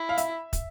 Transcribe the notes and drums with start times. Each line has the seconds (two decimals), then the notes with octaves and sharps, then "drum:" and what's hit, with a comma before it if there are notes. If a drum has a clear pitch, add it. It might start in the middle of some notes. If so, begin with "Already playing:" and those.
Already playing: E4
0.09 F5
0.18 E5, drum: hi-hat
0.53 drum: kick, hi-hat